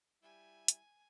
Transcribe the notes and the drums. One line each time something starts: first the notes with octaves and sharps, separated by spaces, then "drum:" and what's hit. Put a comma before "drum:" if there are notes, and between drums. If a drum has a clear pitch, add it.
G3 E4 G#5
drum: hi-hat